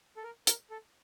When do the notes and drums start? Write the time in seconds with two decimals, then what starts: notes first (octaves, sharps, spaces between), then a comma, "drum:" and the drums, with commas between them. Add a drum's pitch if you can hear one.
0.17 A4
0.24 A#4
0.47 A#4, drum: hi-hat
0.70 A4